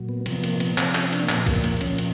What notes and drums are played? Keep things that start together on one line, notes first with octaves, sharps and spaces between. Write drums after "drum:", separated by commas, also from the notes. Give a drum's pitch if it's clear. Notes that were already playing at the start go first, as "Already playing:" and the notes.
Already playing: A#2 F#3
B3
C3 F3 B3, drum: cymbal
A#3, drum: cymbal
B3, drum: cymbal
C3 F3 C4, drum: clap
C#4, drum: clap
D4, drum: cymbal
A#3
A#2 F3 B3, drum: clap
B3
A#3, drum: kick, cymbal
A#3, drum: cymbal
A#2 F3 C#4, drum: cymbal
drum: cymbal